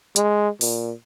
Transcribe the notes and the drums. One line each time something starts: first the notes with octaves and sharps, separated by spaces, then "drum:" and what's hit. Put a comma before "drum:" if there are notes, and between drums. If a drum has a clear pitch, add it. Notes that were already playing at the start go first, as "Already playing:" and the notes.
G#3, drum: hi-hat
A#2, drum: open hi-hat